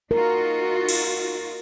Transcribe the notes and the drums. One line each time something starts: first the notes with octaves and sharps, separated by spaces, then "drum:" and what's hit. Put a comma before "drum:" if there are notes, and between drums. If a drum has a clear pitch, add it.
D#4 F4 F#4 A#4
drum: cymbal